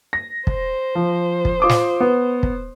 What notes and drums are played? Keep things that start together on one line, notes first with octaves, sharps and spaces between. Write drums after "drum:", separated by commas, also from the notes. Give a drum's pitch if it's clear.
A#6
C5, drum: kick
F3
drum: kick
F4 D6 D#6
drum: snare
B3
drum: kick